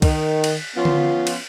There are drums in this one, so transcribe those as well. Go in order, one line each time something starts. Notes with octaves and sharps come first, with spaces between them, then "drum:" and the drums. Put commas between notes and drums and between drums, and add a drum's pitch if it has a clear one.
D#3, drum: kick C2, cymbal
drum: cymbal
F3 B3 C#4 F4
drum: tom D3
drum: cymbal